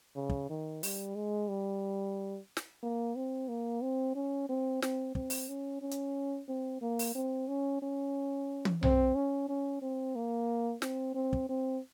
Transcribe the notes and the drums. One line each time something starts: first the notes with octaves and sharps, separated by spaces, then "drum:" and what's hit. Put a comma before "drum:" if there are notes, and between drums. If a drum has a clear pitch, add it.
C#3
drum: kick
D#3
G3, drum: open hi-hat
G#3
G3
drum: snare
A#3
C4
A#3
C4
C#4
C4
C4, drum: snare
C4, drum: kick
drum: open hi-hat
C#4
C#4
drum: hi-hat
C4
A#3
drum: open hi-hat
C4
C#4
C#4
drum: tom
C4, drum: tom B1
C#4
C#4
C4
A#3
C4, drum: snare
C4
drum: kick
C4